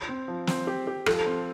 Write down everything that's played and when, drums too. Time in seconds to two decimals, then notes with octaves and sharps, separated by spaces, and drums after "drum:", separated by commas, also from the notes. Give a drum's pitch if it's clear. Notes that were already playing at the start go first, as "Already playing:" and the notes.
0.09 C4
0.28 F3
0.47 C4, drum: snare
0.67 G4
0.87 G4
1.06 F3 A4, drum: rim click
1.26 C4